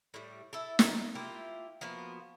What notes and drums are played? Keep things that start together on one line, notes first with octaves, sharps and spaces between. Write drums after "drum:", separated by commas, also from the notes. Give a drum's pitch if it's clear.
A2 G3
E4 A4
F3 D#4, drum: snare
A#3 E4 F4 G4
F3 A#3 B3 F#4